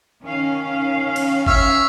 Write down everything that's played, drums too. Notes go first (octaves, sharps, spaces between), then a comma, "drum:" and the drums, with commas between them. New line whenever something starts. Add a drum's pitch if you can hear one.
D#3 C#4 F5
drum: cymbal
C#5 E5 F6, drum: kick G1